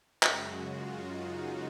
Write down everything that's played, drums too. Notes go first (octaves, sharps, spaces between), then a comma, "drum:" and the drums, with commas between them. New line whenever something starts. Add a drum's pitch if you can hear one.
F#2 C#3 G#3 F#4, drum: clap
F4
D#4